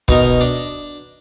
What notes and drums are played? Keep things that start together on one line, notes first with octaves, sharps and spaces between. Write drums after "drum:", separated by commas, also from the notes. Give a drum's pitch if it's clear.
B2 D#4 A#4, drum: kick
D4